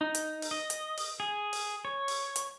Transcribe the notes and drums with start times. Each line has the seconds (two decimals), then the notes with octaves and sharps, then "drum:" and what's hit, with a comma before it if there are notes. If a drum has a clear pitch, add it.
0.01 D#4
0.15 drum: hi-hat
0.42 drum: open hi-hat
0.51 D#5
0.70 drum: hi-hat
0.97 drum: open hi-hat
1.20 G#4
1.53 drum: open hi-hat
1.85 C#5
2.08 drum: open hi-hat
2.36 drum: hi-hat